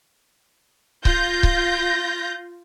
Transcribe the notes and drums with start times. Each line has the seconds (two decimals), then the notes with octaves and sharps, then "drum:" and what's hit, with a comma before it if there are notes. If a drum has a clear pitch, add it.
1.05 F4 G6 A#6, drum: kick C#1
1.43 drum: kick C#1